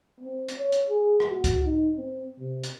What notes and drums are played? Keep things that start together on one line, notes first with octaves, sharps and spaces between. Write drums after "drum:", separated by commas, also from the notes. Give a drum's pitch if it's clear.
C4
drum: hi-hat
C#5
drum: hi-hat
G#4
drum: rim click
F#4
drum: kick C2, hi-hat
D#4
C4
C3
drum: hi-hat